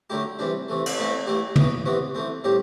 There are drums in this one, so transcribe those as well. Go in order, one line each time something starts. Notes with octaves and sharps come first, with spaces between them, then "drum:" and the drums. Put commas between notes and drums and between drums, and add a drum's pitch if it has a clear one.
D3 F#3 A3 E4 G4
C3 E3 G3 D4
C3 E3 A3
drum: cymbal
E3 A3 C4 E4
E3 A3 E4 G4
E3 B3 F#4, drum: tom
C3 E3 B3 F#4
E3 A3 C4
A2 G3 C4 G4